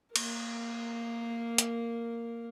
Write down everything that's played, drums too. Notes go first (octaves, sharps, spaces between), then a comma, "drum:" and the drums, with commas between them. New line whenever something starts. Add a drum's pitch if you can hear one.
A#3 A#4, drum: cymbal
drum: hi-hat